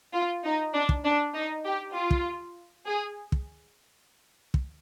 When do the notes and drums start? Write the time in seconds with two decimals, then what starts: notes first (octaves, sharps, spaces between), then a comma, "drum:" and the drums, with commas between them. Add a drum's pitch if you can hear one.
0.13 F4
0.44 D#4
0.74 D4
0.89 drum: kick
1.04 D4
1.35 D#4
1.65 G4
1.95 F4
2.11 drum: kick
2.86 G#4
3.32 drum: kick
4.54 drum: kick